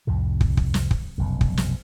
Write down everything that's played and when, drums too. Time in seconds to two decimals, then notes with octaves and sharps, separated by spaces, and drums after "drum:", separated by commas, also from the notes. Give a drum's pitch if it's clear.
0.07 C2 F2 A2 C3
0.41 drum: kick
0.57 drum: kick
0.74 drum: snare
0.91 drum: kick
1.18 F1 B1 F#2
1.41 drum: kick
1.57 drum: snare